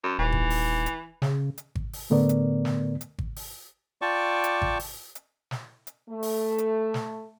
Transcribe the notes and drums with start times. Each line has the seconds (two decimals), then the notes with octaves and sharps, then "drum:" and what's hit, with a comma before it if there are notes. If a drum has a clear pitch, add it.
0.03 F#2
0.19 D#1 E3
0.32 drum: kick G#1
0.50 drum: open hi-hat
0.86 drum: hi-hat
1.22 C#3, drum: snare
1.58 drum: hi-hat
1.75 drum: kick G#1
1.93 drum: open hi-hat
2.10 A2 D3 A3 B3 A#4 D5
2.29 drum: hi-hat
2.65 drum: snare
3.01 drum: hi-hat
3.19 drum: kick G#1
3.36 drum: open hi-hat
4.02 F4 D5 G5 A5 C#6 D6
4.44 drum: hi-hat
4.62 drum: kick G#1
4.79 drum: open hi-hat
5.15 drum: hi-hat
5.51 drum: snare
5.87 drum: hi-hat
6.10 A3
6.23 drum: open hi-hat
6.58 drum: hi-hat
6.94 drum: snare